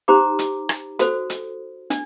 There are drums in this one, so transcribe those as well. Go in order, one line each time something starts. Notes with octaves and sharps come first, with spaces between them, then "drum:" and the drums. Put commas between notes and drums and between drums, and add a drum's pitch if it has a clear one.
D#4 G4 C5 A#5 D6
drum: hi-hat
drum: rim click
F#4 A4 C5, drum: hi-hat
drum: hi-hat
D4, drum: hi-hat